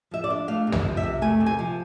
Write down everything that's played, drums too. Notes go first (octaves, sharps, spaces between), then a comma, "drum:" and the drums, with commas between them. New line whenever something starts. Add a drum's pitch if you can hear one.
F3 E5
D5
D4
A3 F5
C3
E5, drum: tom
F3
E5
C3
A3 G#5
C3
G#5
F3